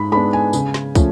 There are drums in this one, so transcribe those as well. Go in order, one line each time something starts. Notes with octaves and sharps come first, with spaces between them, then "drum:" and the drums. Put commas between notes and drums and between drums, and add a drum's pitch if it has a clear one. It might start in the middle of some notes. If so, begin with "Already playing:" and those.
Already playing: G#2 B5
G#3 B3 D4 B5
G#5
C#3, drum: tambourine
drum: snare
F3 A3 C#4, drum: kick, tambourine